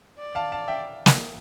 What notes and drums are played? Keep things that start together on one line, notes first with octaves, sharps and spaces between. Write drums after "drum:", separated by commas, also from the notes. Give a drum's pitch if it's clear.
D5
F5 A5
F5 A5
E5 G5
drum: snare